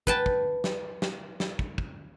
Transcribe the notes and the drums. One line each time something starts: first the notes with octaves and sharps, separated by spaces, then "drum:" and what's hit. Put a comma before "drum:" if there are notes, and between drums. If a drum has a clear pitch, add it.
B4 G5 A5, drum: kick
drum: kick
drum: snare
drum: snare
drum: snare
drum: kick
drum: kick